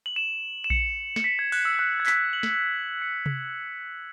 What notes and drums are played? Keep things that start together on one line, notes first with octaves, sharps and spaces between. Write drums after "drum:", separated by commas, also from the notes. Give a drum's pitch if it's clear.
F#7
E7
E7
C#7, drum: kick A#1
C#7, drum: snare
B6
G#6
F#6, drum: open hi-hat
E6
F#6
G#6
B6, drum: clap
F#7
drum: snare
C#7
drum: tom C3